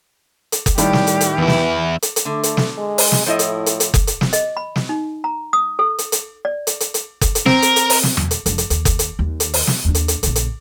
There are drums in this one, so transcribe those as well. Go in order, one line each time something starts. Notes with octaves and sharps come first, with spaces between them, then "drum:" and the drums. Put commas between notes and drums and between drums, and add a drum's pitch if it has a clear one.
drum: hi-hat
drum: kick F#1, hi-hat
A2 D#3 G3 G4, drum: hi-hat
drum: snare
drum: hi-hat
drum: hi-hat
E2 E3 E4
drum: snare
drum: hi-hat
drum: hi-hat
D3 A3
drum: hi-hat
drum: snare
G#3
drum: open hi-hat
drum: snare
A2 F3 E4 D#5
drum: hi-hat
drum: hi-hat
drum: hi-hat
drum: kick F#1, hi-hat
drum: hi-hat
drum: snare
D#5, drum: hi-hat
B5
drum: snare
D#4
A#5
D#6
A4
drum: hi-hat
drum: hi-hat
D5
drum: hi-hat
drum: hi-hat
drum: hi-hat
drum: kick F#1, hi-hat
drum: hi-hat
C4 A#4, drum: snare
drum: hi-hat
drum: hi-hat
drum: open hi-hat
drum: snare
drum: tom E2
drum: hi-hat
F1 D4, drum: hi-hat
drum: hi-hat
D#2, drum: hi-hat
drum: kick F#1, hi-hat
drum: hi-hat
D#2
drum: hi-hat
drum: open hi-hat
drum: snare
D#2 D4
drum: hi-hat
drum: hi-hat
A#1 C#3, drum: hi-hat
drum: hi-hat